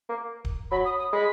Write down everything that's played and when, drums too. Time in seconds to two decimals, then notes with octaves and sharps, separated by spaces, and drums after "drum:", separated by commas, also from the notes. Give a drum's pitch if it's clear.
0.09 A#3
0.45 drum: kick D1
0.71 F#3 B5
0.85 D#6
0.99 D#6
1.12 G#3 B5